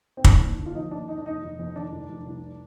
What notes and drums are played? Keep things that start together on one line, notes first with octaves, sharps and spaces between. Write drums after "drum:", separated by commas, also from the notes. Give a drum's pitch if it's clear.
C4
D#2 D4, drum: kick
D#2
D3
F4
F3 D#4
D#2 D4
D#2 D#4
D4
F1 D#4
F1
F2
D#3 D4
F1
F1
C2